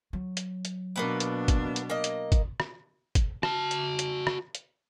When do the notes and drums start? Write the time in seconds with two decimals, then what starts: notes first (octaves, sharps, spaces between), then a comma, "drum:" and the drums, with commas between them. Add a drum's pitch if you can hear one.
0.13 F#3
0.37 drum: hi-hat
0.65 drum: hi-hat
0.96 B2 A#3 B3 D4 B4
1.20 drum: hi-hat
1.48 drum: kick, hi-hat
1.76 drum: hi-hat
1.90 A#3 D#5
2.04 drum: hi-hat
2.32 drum: kick, hi-hat
2.60 drum: rim click
3.15 drum: kick, hi-hat
3.43 F#4 A5, drum: rim click
3.71 drum: hi-hat
3.99 drum: hi-hat
4.27 drum: rim click
4.55 drum: hi-hat